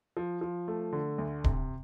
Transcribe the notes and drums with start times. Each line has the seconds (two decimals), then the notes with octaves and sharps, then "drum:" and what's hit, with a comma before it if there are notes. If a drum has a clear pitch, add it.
0.17 F3
0.41 F3
0.68 A3
0.93 D3
1.18 D2
1.44 C3, drum: kick D1